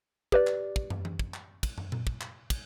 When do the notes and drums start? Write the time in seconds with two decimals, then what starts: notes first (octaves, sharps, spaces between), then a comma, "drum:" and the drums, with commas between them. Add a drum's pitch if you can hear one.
0.32 G4 B4 D5, drum: kick
0.47 drum: clap
0.76 drum: kick
0.90 drum: tom
1.05 drum: tom
1.19 drum: kick
1.34 drum: clap
1.63 drum: kick, cymbal
1.78 drum: tom
1.92 drum: tom A#2
2.07 drum: kick
2.21 drum: clap
2.50 drum: kick, cymbal